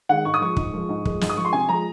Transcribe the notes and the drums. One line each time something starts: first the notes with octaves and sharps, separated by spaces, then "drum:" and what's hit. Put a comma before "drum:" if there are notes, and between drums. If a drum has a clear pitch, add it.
D#3 G#3 F#5
G#2 C#6
D#6
F3 G#3 C#6
G#2, drum: kick
F3 G#3
G#2
F3 G#3, drum: kick
G#2, drum: snare
D#6
F3 G#3 C#6
C6
C3 G#5
F3 G#3 A#5